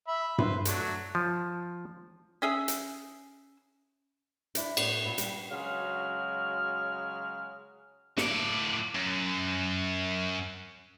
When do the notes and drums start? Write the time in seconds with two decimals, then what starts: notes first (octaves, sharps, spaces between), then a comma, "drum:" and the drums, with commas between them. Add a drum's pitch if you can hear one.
0.07 E5 B5
0.38 B4 C5, drum: tom G2
0.65 F#3 A3 D4, drum: hi-hat
1.15 F3
2.42 C#4 G#4 E5
2.68 drum: hi-hat
4.55 D4 E4, drum: hi-hat
4.77 A2 B3 D5, drum: cymbal
5.06 A#2
5.18 G3, drum: hi-hat
5.51 C#3 F#3 G#3 F#4 F6
8.18 A2 D5, drum: snare
8.95 F#2